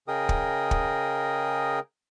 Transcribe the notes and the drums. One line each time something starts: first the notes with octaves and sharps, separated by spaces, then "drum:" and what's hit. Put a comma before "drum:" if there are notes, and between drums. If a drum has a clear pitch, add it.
C#3 G#4 A#4 D#5 G5 D#6
drum: kick
drum: kick